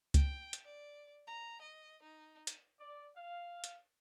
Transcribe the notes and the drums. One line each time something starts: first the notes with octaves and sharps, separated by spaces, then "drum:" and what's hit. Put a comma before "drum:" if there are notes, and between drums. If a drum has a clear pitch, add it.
G5, drum: kick C#2, hi-hat
drum: hi-hat
D5
A#5
D#5
D#4
drum: hi-hat
D5
F5
drum: hi-hat